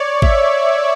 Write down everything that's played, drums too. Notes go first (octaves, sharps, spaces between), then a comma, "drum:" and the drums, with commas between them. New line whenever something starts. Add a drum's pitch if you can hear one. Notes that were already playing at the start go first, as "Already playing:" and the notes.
Already playing: C#5 D5
E5, drum: kick G#1